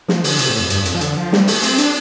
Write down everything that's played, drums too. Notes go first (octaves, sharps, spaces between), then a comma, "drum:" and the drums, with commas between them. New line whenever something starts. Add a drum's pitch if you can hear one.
F3, drum: snare
D3, drum: open hi-hat
C3, drum: hi-hat
A2
F2
G2, drum: hi-hat
F2, drum: hi-hat
F3
D3, drum: hi-hat
F3
G3, drum: snare
A3, drum: open hi-hat
C4, drum: hi-hat
D4, drum: hi-hat